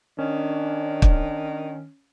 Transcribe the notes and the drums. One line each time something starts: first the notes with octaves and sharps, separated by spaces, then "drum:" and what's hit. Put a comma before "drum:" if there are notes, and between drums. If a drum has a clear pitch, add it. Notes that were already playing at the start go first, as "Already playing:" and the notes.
D#3 C#4 D4
drum: kick